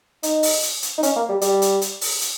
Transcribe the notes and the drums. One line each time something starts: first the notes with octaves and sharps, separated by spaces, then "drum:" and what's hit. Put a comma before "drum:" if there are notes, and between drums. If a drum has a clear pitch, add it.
D#4, drum: hi-hat
drum: open hi-hat
drum: hi-hat
drum: hi-hat
D#4
C#4, drum: hi-hat
A#3
G3
G3, drum: hi-hat
drum: hi-hat
drum: hi-hat
drum: open hi-hat
drum: hi-hat